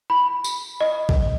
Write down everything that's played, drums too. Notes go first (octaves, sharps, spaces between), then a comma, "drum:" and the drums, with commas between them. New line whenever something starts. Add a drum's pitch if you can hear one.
B5
drum: tambourine
D#5
drum: kick G#1